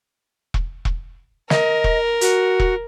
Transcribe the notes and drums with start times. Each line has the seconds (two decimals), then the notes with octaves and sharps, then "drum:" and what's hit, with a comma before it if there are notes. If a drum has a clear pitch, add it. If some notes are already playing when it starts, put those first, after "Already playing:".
0.54 drum: kick E1
0.85 drum: kick E1
1.50 A#4 D#5, drum: snare
1.84 drum: kick E1
2.21 F#4, drum: hi-hat
2.60 drum: kick E1